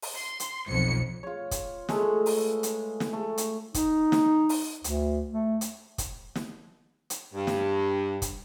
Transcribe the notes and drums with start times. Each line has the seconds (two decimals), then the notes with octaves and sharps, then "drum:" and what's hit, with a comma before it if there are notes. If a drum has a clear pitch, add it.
0.02 drum: open hi-hat
0.16 C6
0.40 drum: hi-hat
0.69 B1 F2 C#7
1.23 F4 C#5
1.51 drum: kick, hi-hat
1.89 G#3 A3 A4 B4, drum: snare
2.26 drum: open hi-hat
2.63 drum: hi-hat
3.00 drum: snare
3.13 A3
3.38 drum: hi-hat
3.74 D#4, drum: kick, hi-hat
4.12 drum: snare
4.49 drum: open hi-hat
4.84 D2, drum: hi-hat
5.31 A3
5.61 drum: hi-hat
5.98 drum: kick, hi-hat
6.35 drum: snare
7.10 drum: hi-hat
7.34 G2
7.47 drum: snare
8.22 drum: kick, hi-hat